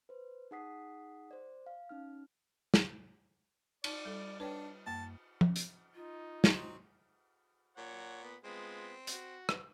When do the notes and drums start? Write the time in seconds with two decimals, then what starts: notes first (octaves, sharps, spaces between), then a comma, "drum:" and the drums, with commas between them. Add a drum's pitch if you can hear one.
0.09 B4 C5
0.51 D#4 G#4 F#5 D#6 B6 C7
1.31 C5 D5
1.66 F5
1.89 C#4 D#4 F6
2.74 drum: snare
3.84 D#4 D5 A5, drum: cymbal
4.05 G3 A4
4.40 D4 B4 C#5 G5
4.86 F#2 A#3 A5
5.41 drum: tom F3
5.56 drum: hi-hat
5.95 D#4 F4
6.44 F#3 C4, drum: snare
7.77 A#2 C#5 F#5
8.23 B3
8.44 G#3 B3 C4 F4
9.07 F#4, drum: hi-hat
9.49 drum: rim click